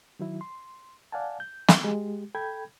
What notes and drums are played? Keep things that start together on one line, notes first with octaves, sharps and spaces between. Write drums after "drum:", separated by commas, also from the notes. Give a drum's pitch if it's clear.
D#3 F#3 E4
C6
D5 F5 F#5 G#5 A5
G6
drum: snare
G#3 G4
A4 G5 B5 G6 G#6